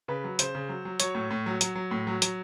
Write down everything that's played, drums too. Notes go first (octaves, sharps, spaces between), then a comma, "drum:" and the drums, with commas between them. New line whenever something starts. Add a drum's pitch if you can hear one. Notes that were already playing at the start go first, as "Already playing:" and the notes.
C#3 B4
F#3
C#3 C5, drum: hi-hat
C#3
F#3
F#3
F#3 C#5, drum: hi-hat
A2
A2
F#3
F#3, drum: hi-hat
F#3
A2
F#3
F#3, drum: hi-hat